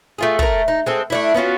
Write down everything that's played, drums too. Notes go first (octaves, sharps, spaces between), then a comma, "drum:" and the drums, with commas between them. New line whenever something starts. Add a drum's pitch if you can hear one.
A3 F4 G#4
A3 A#4, drum: kick
D#4
G#3 C4 A4
A3 D4 E4
B3 C#4 F4 F#4